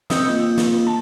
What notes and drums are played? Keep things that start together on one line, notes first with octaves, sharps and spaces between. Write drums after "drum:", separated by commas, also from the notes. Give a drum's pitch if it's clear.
C4 D#5 D#6 E6 G6 C#7, drum: snare
A#3 F4
drum: snare
A5